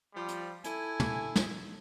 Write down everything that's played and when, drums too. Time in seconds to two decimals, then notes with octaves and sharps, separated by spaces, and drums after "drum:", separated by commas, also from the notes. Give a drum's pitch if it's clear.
0.14 F3 G3
0.28 drum: hi-hat
0.64 E4 A4 G#5, drum: hi-hat
1.00 drum: tom
1.36 drum: snare